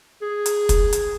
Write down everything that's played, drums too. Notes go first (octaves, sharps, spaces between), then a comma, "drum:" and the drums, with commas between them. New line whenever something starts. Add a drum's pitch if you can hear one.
G#4
drum: hi-hat
drum: kick, hi-hat
drum: hi-hat